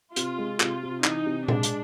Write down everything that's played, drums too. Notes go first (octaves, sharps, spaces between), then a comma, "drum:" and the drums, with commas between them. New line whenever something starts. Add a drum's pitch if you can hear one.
C3 F4, drum: hi-hat
G#3
C3 F4, drum: clap
C3
E3 D#4, drum: clap
C3
G#3 D4, drum: tom A#2
drum: hi-hat